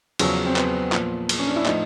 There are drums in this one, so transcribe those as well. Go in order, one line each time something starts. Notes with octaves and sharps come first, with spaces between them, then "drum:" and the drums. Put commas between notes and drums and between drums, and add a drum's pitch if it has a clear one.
E2 C#3 F3 F#3, drum: cymbal
C4
B3, drum: clap
A#2 F3, drum: clap
drum: cymbal
C#4
D4
E4
A2 F3 D#4, drum: clap